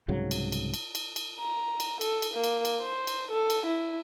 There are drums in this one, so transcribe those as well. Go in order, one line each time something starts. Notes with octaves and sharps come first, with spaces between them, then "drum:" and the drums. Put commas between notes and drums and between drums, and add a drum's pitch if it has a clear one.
C2 G#2 C#3 F#3
drum: cymbal
drum: cymbal
drum: cymbal
drum: cymbal
drum: cymbal
A#5
drum: cymbal
A4, drum: cymbal
drum: cymbal
A#3
drum: cymbal
drum: cymbal
C5
drum: cymbal
A4
drum: cymbal
E4